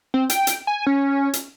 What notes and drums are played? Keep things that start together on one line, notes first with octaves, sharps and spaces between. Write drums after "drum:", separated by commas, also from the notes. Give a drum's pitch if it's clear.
C4
G5, drum: hi-hat
drum: hi-hat
G#5
C#4
drum: hi-hat